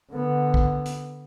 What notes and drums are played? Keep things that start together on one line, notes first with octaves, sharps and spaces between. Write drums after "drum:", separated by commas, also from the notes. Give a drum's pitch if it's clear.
D3 B3
drum: kick
drum: hi-hat